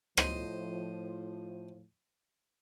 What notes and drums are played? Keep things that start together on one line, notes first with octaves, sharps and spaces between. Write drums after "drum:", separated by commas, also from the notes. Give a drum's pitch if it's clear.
A2 F3 C5 D#5, drum: rim click